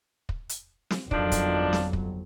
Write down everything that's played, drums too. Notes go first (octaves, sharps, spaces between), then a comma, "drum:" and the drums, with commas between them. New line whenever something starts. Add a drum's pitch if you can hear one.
drum: kick
drum: hi-hat
drum: snare
G1 F2 D#3 F3 F#3 D4, drum: kick
drum: kick, hi-hat
drum: snare
drum: kick